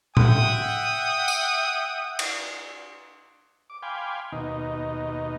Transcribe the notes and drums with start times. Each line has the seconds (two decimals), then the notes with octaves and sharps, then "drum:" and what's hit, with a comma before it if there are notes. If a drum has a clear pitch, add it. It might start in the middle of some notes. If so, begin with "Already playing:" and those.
0.17 E5 F#5 G5 D#6, drum: tom A2
1.28 drum: tambourine
2.19 drum: cymbal
3.70 D6
3.83 F5 G5 G#5 B5 C6 D6
4.32 D#2 B2 D#4